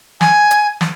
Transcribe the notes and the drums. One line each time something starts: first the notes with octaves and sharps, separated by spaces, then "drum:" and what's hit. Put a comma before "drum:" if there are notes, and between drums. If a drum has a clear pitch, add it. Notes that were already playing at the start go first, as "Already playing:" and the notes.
G#5, drum: snare
drum: hi-hat
drum: snare